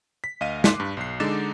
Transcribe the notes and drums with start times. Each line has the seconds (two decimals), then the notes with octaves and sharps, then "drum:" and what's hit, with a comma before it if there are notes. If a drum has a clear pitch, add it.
0.24 B6
0.41 D2 D#5 F5 D#7
0.64 C6 D6 F#6 B6, drum: snare
0.80 G2
0.97 B1 C7
1.20 D3 G#3 D#4 D6 A6 E7